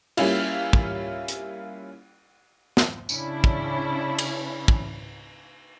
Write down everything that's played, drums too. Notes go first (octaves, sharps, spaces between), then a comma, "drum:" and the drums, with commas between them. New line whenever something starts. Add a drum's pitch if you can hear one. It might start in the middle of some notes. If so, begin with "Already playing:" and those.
G3 A#3 C#4 E4 F4, drum: cymbal
drum: kick
drum: hi-hat
drum: snare
C#3 C#4 D4 E4, drum: tambourine
drum: kick
drum: cymbal
drum: kick